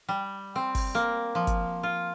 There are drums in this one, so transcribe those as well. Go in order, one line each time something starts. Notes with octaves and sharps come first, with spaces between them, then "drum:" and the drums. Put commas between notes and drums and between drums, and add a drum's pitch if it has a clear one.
G3
C4
drum: kick, open hi-hat
A#3
F3
drum: kick, hi-hat
F4